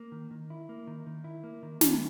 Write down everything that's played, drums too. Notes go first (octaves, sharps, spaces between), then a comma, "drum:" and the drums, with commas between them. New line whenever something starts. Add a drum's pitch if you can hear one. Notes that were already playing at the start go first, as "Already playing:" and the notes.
Already playing: A#3
D#3
D#3
E4
A#3
D#3
D#3
E4
A#3
D#3
D#3, drum: snare